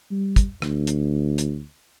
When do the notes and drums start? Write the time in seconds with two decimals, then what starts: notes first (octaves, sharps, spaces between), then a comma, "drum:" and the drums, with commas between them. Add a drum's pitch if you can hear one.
0.11 G3
0.36 drum: kick, hi-hat
0.62 D2, drum: rim click
0.87 drum: hi-hat
1.38 drum: hi-hat